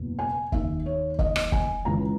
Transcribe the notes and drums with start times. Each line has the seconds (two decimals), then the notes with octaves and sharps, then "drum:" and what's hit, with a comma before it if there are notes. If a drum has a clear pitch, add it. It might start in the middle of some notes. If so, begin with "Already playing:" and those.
Already playing: F#1 E2 B2
0.19 G#5
0.52 D#2 D#3 A#3 E5, drum: kick
0.86 C#5
1.19 D#5, drum: kick
1.36 drum: rim click
1.52 G#5, drum: kick
1.85 C#2 C#3 E3 A#5